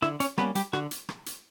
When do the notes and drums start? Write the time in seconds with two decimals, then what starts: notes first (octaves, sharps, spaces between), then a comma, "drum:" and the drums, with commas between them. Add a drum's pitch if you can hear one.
0.02 D3 E4 E5, drum: rim click
0.20 C#4 C#5, drum: hi-hat
0.38 G3 A#3 B3 C#4 B4, drum: rim click
0.55 G3 G4, drum: hi-hat
0.73 D3 F#4, drum: rim click
0.91 drum: hi-hat
1.09 drum: rim click
1.26 drum: hi-hat